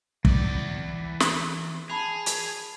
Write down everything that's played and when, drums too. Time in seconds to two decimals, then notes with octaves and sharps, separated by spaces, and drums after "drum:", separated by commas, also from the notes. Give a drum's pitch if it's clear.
0.25 E3 D5, drum: kick
1.20 drum: snare
1.90 G#4 A5 B5 F7
2.26 drum: hi-hat